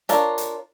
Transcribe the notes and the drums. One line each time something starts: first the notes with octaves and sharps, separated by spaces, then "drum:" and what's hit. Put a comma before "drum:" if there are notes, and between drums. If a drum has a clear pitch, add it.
D4 F4 A#4 C#5, drum: hi-hat
drum: hi-hat